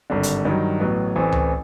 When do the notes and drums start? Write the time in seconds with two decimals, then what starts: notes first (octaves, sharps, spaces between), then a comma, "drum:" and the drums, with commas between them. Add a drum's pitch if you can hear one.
0.10 G#1 G2 D3
0.23 drum: hi-hat
0.45 G2 D#3 F#3
0.80 A1 A2 F#3 B3
1.15 A1 A2 E3 A3 C4
1.32 drum: tom C#2